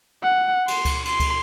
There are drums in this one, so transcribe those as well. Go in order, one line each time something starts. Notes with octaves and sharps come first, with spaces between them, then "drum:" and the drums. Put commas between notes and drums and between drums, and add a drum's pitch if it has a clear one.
F#5
C6, drum: cymbal
drum: kick C#2, cymbal
C6, drum: cymbal
drum: kick C#2, cymbal